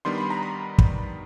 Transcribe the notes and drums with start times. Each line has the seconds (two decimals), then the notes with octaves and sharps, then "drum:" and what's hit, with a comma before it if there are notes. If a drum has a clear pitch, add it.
0.05 D#3 G3 B3 D4 C6
0.18 B5
0.30 A#5
0.43 B5
0.78 drum: kick